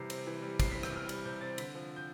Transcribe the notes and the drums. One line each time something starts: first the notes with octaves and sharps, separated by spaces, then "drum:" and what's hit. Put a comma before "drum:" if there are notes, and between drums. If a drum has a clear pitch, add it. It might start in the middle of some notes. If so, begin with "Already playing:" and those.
Already playing: C3 E3 G3 C7
C4, drum: cymbal
E3
G3
C3 C7, drum: kick, cymbal
C4 B6
G6, drum: rim click
E3 F6
G3, drum: cymbal
C3 G6
C4 A6
D3 B6, drum: cymbal
F3
G6